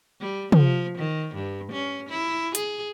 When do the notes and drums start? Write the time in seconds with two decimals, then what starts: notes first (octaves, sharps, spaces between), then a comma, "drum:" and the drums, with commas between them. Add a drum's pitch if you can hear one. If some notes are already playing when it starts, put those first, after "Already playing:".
0.21 G3
0.52 F3, drum: tom
0.98 D#3
1.35 G2
1.72 C#4
2.09 E4
2.55 G#4, drum: hi-hat